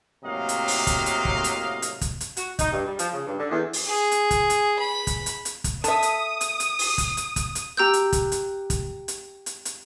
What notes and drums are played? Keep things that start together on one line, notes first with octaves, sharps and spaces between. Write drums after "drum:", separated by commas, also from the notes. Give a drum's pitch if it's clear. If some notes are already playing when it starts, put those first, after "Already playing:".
A2 C3 F#3 A#3 D#5 F5
drum: hi-hat
drum: open hi-hat
drum: kick, hi-hat
drum: hi-hat
drum: kick
drum: hi-hat
drum: hi-hat
drum: kick, hi-hat
drum: hi-hat
F#4, drum: hi-hat
D#4, drum: kick, hi-hat
G2
G3
F3, drum: hi-hat
C#3
G2
D3
E2
drum: open hi-hat
G#4
drum: hi-hat
drum: kick, hi-hat
drum: hi-hat
B5
drum: kick, hi-hat
drum: hi-hat
drum: hi-hat
drum: kick, hi-hat
A4 E5 D#6, drum: hi-hat
drum: hi-hat
drum: hi-hat
drum: hi-hat
drum: open hi-hat
drum: kick, hi-hat
drum: hi-hat
drum: kick, hi-hat
drum: hi-hat
G4 A#5 D6 E6 F#6 G6
drum: hi-hat
drum: kick, hi-hat
drum: hi-hat
drum: kick, hi-hat
drum: hi-hat
drum: hi-hat
drum: hi-hat